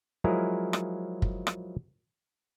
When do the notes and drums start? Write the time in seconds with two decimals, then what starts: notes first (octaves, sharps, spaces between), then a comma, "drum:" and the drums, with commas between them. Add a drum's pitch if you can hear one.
0.24 F3 F#3 G#3 E4 G#4 A#4
0.73 drum: rim click
1.22 drum: kick F#1
1.47 drum: rim click